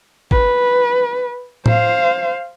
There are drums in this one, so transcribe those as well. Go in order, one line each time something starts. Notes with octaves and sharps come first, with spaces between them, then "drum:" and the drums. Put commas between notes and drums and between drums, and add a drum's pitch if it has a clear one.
B4, drum: kick
C5 F5, drum: tom A2